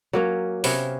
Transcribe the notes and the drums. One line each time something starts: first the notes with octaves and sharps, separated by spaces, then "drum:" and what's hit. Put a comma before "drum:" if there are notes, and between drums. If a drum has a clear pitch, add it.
F#3 A#3 C#4
C3 B3 C#4 F5, drum: open hi-hat